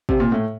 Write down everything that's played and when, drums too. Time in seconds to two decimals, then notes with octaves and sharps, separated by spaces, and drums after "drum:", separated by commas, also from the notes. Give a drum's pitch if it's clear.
0.09 C3, drum: kick
0.20 A#2
0.32 A2